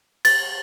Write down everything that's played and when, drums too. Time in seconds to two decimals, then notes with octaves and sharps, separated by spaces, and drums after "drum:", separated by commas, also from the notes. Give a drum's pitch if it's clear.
0.25 A6, drum: cymbal